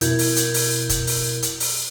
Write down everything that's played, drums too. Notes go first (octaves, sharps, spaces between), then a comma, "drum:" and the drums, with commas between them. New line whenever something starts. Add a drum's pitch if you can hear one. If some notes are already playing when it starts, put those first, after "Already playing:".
F2 B2 E4 A#4 G6 G#6, drum: hi-hat
drum: open hi-hat
drum: hi-hat
drum: open hi-hat
drum: kick, hi-hat
drum: open hi-hat
drum: hi-hat
drum: open hi-hat